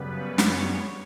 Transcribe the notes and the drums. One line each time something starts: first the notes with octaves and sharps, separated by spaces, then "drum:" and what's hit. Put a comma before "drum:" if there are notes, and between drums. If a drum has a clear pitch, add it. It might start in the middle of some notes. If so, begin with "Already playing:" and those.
Already playing: F#2 C#3 G3 B3 B4
C#5, drum: snare